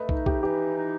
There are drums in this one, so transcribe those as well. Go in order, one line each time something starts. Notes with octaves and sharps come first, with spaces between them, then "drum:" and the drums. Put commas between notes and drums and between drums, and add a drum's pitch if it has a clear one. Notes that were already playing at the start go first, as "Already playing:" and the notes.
Already playing: A3 B4 D#5
D#4, drum: kick
G4, drum: kick
E3 G4
D#4